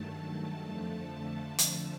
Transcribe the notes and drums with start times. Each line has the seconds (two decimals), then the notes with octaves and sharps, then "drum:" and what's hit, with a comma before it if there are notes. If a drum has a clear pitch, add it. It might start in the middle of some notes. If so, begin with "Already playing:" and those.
Already playing: G2 D#3 F#3 A3 A5
0.67 F2 D3 F3 A3 A5
1.59 drum: hi-hat